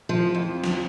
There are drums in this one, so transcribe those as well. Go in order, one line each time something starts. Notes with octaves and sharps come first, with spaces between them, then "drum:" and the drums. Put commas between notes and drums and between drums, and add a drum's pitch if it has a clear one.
F3
F2
drum: snare